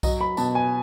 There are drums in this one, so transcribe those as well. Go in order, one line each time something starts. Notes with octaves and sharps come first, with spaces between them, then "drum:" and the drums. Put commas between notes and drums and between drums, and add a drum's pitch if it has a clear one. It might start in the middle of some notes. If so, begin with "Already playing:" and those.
F#3 D#5, drum: kick B1, tambourine
B5
B2 A5, drum: tambourine
G#5